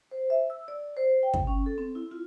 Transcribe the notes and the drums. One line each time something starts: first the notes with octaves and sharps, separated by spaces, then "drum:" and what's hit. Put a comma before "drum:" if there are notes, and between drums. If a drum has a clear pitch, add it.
C5
E5
E6
D5
C5
G5
drum: kick
C#4
A4
C4
E4
F4